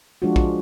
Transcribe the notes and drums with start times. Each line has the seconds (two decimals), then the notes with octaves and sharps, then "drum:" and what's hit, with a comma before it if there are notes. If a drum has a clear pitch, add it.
0.22 F3 G#3 D4 F4 F#4
0.36 drum: kick